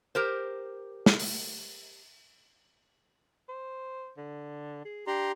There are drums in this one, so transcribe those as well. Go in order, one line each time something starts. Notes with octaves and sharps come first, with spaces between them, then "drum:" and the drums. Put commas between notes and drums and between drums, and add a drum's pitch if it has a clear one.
G4 A#4 C5
drum: snare
drum: open hi-hat
C5
D3
G#4
D4 G4 A#5 C6